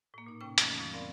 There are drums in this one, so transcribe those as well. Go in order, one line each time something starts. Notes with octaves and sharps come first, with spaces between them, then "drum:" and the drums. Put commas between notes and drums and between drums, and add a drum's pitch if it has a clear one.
A2 A#3
A#2 D#4
A2 C3 C#4 G5 C#6
F2 D#3 E3 A3 C#4, drum: hi-hat
F2 A2 F3 F#3
F#3 B3 C4 A#4 D5 F5